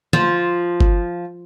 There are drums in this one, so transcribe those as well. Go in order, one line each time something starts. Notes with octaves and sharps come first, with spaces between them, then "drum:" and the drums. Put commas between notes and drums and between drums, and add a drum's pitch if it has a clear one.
F3, drum: tom D3
drum: kick G1